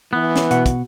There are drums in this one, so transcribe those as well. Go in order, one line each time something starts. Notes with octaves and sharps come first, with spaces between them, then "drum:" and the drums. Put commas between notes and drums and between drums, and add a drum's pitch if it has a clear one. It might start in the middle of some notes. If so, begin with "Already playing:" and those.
E3 B3
drum: snare
B2 F#5, drum: hi-hat
drum: kick, hi-hat